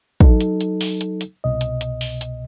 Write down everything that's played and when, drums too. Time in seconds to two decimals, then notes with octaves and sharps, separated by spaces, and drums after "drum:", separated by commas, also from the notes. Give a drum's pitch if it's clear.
0.20 F#3 D#4 A4, drum: kick
0.41 drum: hi-hat
0.61 drum: hi-hat
0.81 drum: open hi-hat
1.01 drum: hi-hat
1.21 drum: hi-hat
1.44 C2 B2 D#5
1.61 drum: hi-hat
1.81 drum: hi-hat
2.01 drum: open hi-hat
2.21 drum: hi-hat